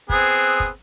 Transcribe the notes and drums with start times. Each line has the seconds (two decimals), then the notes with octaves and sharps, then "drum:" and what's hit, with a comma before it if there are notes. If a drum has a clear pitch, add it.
0.10 B3 C4 G#4, drum: kick, hi-hat
0.43 drum: hi-hat
0.60 drum: kick